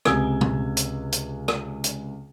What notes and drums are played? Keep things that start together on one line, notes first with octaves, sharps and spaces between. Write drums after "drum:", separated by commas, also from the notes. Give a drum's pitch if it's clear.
C#2 C3 G#5 E6 G#6 G7, drum: rim click
drum: tom B2
drum: hi-hat
drum: hi-hat
drum: rim click
drum: hi-hat